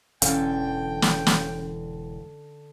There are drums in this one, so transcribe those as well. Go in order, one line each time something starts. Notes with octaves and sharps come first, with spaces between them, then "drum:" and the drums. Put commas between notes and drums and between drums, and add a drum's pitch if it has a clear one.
E1 D3 E3 C#4 A4 F5 G5, drum: hi-hat
drum: snare
drum: snare